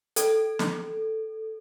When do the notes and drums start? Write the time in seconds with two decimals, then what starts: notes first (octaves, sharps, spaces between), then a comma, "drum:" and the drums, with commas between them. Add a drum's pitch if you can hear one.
0.16 A4, drum: hi-hat
0.59 drum: snare